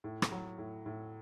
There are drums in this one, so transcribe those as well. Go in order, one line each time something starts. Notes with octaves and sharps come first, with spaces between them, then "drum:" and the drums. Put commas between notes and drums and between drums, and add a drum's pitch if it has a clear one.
A2
drum: rim click
F#3
A2
A2